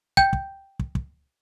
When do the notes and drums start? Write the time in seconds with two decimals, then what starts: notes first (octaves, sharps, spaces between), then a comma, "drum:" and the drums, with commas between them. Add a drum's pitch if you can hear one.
0.17 G5 G6, drum: kick
0.33 drum: kick
0.79 drum: kick
0.95 drum: kick